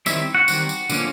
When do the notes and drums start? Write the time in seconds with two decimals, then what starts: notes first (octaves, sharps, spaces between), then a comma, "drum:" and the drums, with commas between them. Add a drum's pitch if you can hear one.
0.06 D#3 G3 C4 E4 E5, drum: tambourine
0.35 F#4 F#5
0.48 D#3 G3 C4, drum: tambourine
0.69 drum: tambourine
0.89 D3 F3 A#3 C#4, drum: tambourine